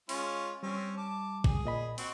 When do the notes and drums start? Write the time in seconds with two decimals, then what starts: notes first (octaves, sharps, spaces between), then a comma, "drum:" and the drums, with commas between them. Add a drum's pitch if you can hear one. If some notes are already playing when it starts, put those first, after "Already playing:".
0.09 G#3 C#4 F4, drum: open hi-hat
0.63 G3 C4 C#4
0.97 A5 D6
1.44 G#4, drum: kick
1.65 A#2 D#5 B5
1.98 C4 F#4, drum: open hi-hat